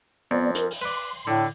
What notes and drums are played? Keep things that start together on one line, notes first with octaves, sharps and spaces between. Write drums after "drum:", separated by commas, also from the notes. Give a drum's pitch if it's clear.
F2 B3 D5
A#4, drum: hi-hat
drum: open hi-hat
B4 D5 C6
A2 D3